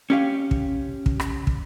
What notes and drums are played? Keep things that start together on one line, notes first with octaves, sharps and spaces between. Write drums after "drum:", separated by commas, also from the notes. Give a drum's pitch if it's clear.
C#4 G4 F5
drum: kick
drum: kick
drum: rim click
drum: kick